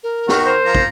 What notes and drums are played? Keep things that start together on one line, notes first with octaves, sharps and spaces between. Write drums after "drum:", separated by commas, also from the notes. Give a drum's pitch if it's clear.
A#4
D#3 F#4, drum: snare
C5
F3 A#5
drum: kick